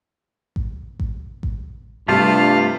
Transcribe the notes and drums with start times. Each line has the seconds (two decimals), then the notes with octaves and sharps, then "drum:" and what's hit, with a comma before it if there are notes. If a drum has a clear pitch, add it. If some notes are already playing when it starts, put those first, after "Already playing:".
0.56 drum: kick A1
1.00 drum: kick A1
1.43 drum: kick A1
2.08 G2 C3 A3 F4 A5 F6